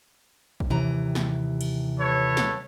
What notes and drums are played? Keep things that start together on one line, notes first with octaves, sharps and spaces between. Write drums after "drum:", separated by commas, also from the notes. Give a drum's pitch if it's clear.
drum: kick A1
D#2 C3 E3 A#5
drum: snare
drum: cymbal
A4 B4 C#5
drum: snare